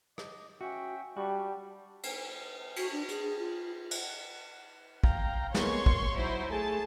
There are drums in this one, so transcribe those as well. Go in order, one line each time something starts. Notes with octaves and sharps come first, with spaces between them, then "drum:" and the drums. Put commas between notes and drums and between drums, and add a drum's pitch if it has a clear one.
D#5 D6, drum: rim click
C#4 F#4 E5 G5
G3 D4 F#4 G4
drum: cymbal
F#4, drum: cymbal
D4
G#4, drum: hi-hat
F4
drum: cymbal
F5 G5 A#5, drum: kick
G#3 A#3 B3 C#5 C6 C#6, drum: snare
A#2, drum: kick
F#3 D#4 E4 C5
A3 G#4 A5